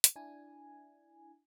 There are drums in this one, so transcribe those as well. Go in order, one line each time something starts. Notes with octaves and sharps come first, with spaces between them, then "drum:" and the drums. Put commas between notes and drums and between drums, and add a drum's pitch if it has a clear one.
drum: hi-hat
D4 E4 G#5